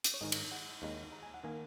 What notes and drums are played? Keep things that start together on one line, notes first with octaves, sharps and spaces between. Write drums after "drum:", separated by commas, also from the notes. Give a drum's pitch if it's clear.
drum: hi-hat
C#5
G#2 D#3 G#3 D#4 D#5
drum: cymbal
F#5
D#2 D#3 G#3 D#4
A#5
G#5
F#5
D#3 A#3 G#5